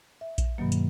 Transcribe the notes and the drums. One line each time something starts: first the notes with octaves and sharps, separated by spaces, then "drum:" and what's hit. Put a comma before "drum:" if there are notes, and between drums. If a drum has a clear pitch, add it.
E5
drum: kick A#1, hi-hat
G2 B2 D#3 F#3 A#3
drum: hi-hat